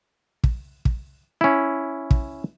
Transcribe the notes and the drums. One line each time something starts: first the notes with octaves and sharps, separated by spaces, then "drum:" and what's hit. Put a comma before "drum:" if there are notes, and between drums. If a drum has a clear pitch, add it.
drum: kick
drum: kick
C#4 E4
drum: kick